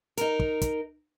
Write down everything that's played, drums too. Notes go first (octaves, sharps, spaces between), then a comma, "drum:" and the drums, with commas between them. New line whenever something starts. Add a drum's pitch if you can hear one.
D#4 A#4, drum: hi-hat
drum: kick
drum: kick, hi-hat